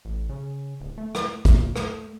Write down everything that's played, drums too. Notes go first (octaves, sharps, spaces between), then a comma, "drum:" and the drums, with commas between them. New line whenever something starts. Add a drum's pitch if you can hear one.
A1
C#3
D1
A3
drum: rim click
A#2, drum: kick, hi-hat
A3, drum: rim click